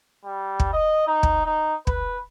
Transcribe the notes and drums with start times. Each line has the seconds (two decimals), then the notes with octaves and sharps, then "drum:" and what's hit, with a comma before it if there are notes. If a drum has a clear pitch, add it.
0.25 G3
0.60 drum: kick
0.73 D#5
1.07 D#4
1.23 drum: kick
1.46 D#4
1.87 B4, drum: kick